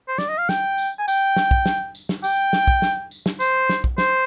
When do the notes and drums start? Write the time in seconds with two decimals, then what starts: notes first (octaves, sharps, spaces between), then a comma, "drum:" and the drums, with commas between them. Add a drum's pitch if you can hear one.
0.08 C5
0.18 D5, drum: snare
0.29 D#5
0.38 F5
0.49 G5, drum: snare
0.78 drum: tambourine
0.99 G#5
1.08 G5, drum: tambourine
1.36 drum: snare
1.51 drum: kick
1.66 drum: snare
1.95 drum: tambourine
2.09 drum: snare
2.24 G5, drum: tambourine
2.53 drum: snare
2.67 drum: kick
2.82 drum: snare
3.11 drum: tambourine
3.26 drum: snare
3.40 C5, drum: tambourine
3.69 drum: snare
3.84 drum: kick
3.98 C5, drum: snare